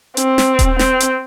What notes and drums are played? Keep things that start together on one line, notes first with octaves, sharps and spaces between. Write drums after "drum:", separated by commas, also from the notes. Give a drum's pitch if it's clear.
C4, drum: hi-hat
drum: snare
drum: kick D#1, hi-hat
C4, drum: snare
drum: hi-hat